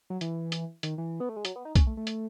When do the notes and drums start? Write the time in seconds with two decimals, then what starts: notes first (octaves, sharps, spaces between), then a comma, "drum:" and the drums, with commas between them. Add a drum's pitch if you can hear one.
0.10 F#3
0.21 E3, drum: hi-hat
0.52 drum: hi-hat
0.83 D#3, drum: hi-hat
0.98 E3
1.20 B3
1.29 A3
1.36 G#3
1.45 F#3, drum: hi-hat
1.56 B3
1.65 D#4
1.75 C#4, drum: kick, hi-hat
1.87 A3
1.97 A3
2.07 drum: hi-hat